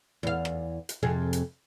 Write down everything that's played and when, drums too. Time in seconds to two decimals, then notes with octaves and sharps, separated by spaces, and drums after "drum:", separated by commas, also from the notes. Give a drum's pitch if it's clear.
0.23 E2 F5
0.45 drum: rim click
0.89 drum: hi-hat
1.03 F2 C3 G#4
1.33 drum: hi-hat